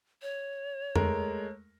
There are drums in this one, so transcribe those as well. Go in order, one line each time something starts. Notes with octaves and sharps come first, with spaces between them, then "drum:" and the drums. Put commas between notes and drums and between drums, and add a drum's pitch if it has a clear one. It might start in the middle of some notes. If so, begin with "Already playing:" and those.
C#5
G#3 A3 A#4, drum: tom F2